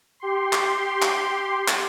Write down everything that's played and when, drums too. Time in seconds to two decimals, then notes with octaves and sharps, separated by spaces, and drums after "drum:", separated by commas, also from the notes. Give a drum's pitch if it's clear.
0.20 G4 C6
0.53 drum: clap
1.02 drum: clap
1.68 drum: clap